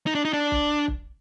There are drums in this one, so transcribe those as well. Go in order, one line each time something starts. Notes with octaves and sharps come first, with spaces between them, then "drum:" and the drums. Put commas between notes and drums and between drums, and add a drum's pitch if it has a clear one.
D#4
D4
D#4
D4
drum: kick
drum: kick